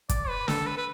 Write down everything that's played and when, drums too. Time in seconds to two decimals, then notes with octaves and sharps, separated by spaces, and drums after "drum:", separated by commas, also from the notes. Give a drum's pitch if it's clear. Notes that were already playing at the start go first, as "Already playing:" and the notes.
0.09 D5, drum: kick, hi-hat
0.29 B4
0.48 A4, drum: snare
0.66 B4
0.78 B4